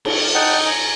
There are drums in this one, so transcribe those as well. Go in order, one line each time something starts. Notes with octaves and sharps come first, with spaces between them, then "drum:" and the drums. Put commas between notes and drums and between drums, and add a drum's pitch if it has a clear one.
drum: cymbal
D#4 F#5 G5 A5
G#5 A#5